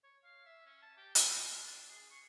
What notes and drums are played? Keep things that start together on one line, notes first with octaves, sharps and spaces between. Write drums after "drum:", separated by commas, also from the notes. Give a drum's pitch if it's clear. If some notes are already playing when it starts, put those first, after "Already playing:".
C#5
F5
E5
C#4
A5
G4
A4, drum: hi-hat
F4
D4
G#4
C#6